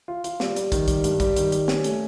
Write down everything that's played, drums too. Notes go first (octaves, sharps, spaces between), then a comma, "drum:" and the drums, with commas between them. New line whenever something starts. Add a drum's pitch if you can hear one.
F4
F4, drum: hi-hat
G3, drum: snare
G3, drum: hi-hat
D#3, drum: kick, hi-hat
G3, drum: kick, hi-hat
G2, drum: hi-hat
G3, drum: kick, hi-hat
D#3, drum: hi-hat
G3, drum: hi-hat
C#4, drum: snare
A3, drum: hi-hat